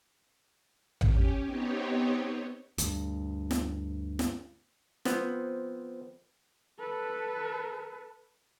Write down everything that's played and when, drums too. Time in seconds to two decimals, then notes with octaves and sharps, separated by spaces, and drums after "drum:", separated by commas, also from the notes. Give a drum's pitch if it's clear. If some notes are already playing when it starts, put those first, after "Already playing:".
1.01 C#4 G4, drum: tom A1
1.44 B3 C4 D#4 G4 C#5
2.78 D2 G2, drum: hi-hat
3.51 drum: snare
4.19 drum: snare
5.05 F3 B3 C4, drum: snare
6.79 A4 B4